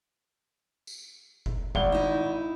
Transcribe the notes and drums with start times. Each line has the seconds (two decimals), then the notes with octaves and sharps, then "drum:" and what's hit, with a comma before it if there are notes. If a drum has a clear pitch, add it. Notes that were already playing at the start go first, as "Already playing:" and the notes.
0.87 drum: tambourine
1.46 drum: kick F#1
1.75 G#1 G7, drum: kick F#1
1.92 D#4 E4